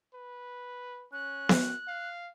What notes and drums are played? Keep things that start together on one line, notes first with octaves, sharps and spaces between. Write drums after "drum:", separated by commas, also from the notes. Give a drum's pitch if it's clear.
B4
C#4 F#6
drum: snare B3
F5